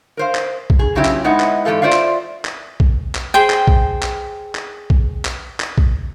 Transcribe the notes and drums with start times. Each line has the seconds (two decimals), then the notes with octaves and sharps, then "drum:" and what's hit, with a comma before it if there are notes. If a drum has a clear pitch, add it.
0.17 A#4 C5 F5
0.35 drum: clap
0.70 drum: kick A#1
0.79 G#4
0.95 A#2 C#3 F#3 E4 G4
1.05 drum: clap
1.24 G#3 B3 D#4 E4 F#5
1.40 drum: clap
1.65 E2 G#2 F3 G4 A4 F5
1.82 F4 C5 D5 E5 F5
1.92 drum: clap
2.45 drum: clap
2.80 drum: kick A#1
3.15 drum: clap
3.34 G#4 C5 G5
3.50 drum: clap
3.67 drum: kick A#1
4.02 drum: clap
4.55 drum: clap
4.90 drum: kick A#1
5.25 drum: clap
5.60 drum: clap
5.78 drum: kick A#1